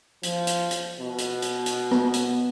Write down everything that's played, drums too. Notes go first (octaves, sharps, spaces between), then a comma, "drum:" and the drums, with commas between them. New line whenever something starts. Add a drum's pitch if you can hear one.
F3, drum: hi-hat
drum: hi-hat
drum: hi-hat
B2
drum: hi-hat
drum: hi-hat
drum: hi-hat
B3, drum: rim click
drum: hi-hat